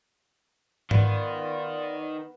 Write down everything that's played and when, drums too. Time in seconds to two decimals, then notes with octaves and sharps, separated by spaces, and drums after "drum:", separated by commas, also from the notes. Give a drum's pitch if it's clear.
0.91 D#3 B3 F4 D5, drum: tom G#2